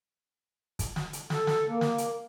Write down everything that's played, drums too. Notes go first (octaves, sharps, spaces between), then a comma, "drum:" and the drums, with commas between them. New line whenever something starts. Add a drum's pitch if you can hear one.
drum: kick, hi-hat
drum: snare
drum: hi-hat
A4, drum: snare
drum: snare
A#3
drum: snare
drum: hi-hat